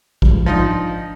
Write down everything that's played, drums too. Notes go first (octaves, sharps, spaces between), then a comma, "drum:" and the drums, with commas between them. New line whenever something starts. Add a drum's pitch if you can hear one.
F3 G3 G#3, drum: kick
F3 D4 D#4 D#5